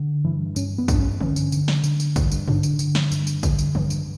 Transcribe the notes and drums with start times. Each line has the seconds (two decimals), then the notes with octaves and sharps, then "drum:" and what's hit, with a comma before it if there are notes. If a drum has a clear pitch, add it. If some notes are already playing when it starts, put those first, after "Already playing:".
Already playing: D3
0.25 G2 E3
0.56 G2 C#4, drum: tambourine
0.78 B3
0.88 G2 D4, drum: kick, tambourine
1.00 C#4
1.21 D3 C#4, drum: tom D#3
1.36 drum: tambourine
1.52 D3, drum: tambourine
1.68 drum: snare
1.84 D3, drum: tambourine
2.00 drum: tambourine
2.16 G2, drum: kick, tambourine
2.32 drum: tambourine
2.48 D3 D4, drum: tom G2
2.63 drum: tambourine
2.79 D3, drum: tambourine
2.95 drum: snare
3.11 G2, drum: tambourine
3.27 drum: tambourine
3.43 D3, drum: kick, tambourine
3.59 drum: tambourine
3.75 G2, drum: tom D#3
3.90 drum: tambourine